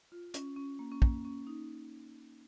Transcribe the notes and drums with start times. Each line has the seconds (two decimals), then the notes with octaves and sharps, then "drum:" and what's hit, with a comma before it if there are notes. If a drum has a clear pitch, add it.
0.12 F4
0.34 C#4, drum: hi-hat
0.56 C#4
0.79 A#3
0.92 C#4
1.02 A#3, drum: kick
1.25 C#4
1.47 D#4